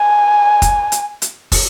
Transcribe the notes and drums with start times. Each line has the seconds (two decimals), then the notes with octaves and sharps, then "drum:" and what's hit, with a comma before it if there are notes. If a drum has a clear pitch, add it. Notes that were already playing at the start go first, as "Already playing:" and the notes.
Already playing: G#5
0.62 drum: kick, hi-hat
0.92 drum: hi-hat
1.22 drum: hi-hat
1.52 drum: kick, open hi-hat